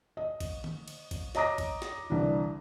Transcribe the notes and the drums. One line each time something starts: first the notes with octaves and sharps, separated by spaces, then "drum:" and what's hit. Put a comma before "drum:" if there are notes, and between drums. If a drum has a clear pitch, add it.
D#5
drum: kick A#1, cymbal
drum: tom D3
drum: cymbal
drum: kick A#1, cymbal
C#5 D#5 A#5 D6 D#6 A#6, drum: snare
drum: kick A#1, cymbal
drum: snare
C2 D3 E3 D4